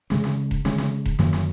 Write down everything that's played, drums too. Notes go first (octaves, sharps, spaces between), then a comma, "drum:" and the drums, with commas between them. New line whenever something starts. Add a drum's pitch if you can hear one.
C#3 G#3 C#4, drum: snare
drum: snare
drum: kick E1
C#3 G#3 C#4, drum: snare
drum: snare
drum: kick E1
F#2 D#3 F#3 A#3, drum: snare
drum: snare